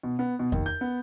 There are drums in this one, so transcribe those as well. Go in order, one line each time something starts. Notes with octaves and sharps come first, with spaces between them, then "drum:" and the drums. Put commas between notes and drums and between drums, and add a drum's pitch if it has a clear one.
B2
B3
B2
D#2, drum: kick F2
G6
B3